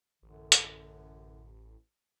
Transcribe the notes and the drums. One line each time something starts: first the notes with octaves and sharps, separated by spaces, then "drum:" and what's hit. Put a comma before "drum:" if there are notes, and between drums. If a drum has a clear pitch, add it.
A1 F#2 A2 D3
drum: hi-hat